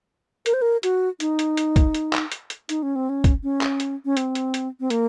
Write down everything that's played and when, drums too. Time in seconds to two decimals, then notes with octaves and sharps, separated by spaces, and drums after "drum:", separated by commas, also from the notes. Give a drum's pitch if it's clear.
0.46 A#4, drum: hi-hat
0.54 C5
0.62 A#4
0.83 F#4, drum: hi-hat
1.20 D#4, drum: hi-hat
1.39 drum: hi-hat
1.57 drum: hi-hat
1.76 drum: kick, hi-hat
1.94 drum: hi-hat
2.13 drum: clap
2.32 drum: hi-hat
2.50 drum: hi-hat
2.69 D#4, drum: hi-hat
2.83 C#4
2.96 C4
3.09 C#4
3.24 drum: kick, hi-hat
3.43 C#4
3.61 drum: clap
3.80 drum: hi-hat
4.05 C#4
4.17 C4, drum: hi-hat
4.35 drum: hi-hat
4.54 drum: hi-hat
4.80 C4
4.90 A#3, drum: hi-hat